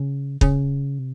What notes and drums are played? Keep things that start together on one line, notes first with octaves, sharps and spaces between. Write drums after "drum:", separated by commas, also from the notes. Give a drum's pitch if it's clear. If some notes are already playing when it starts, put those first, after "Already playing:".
Already playing: C#3
C#3, drum: kick
C3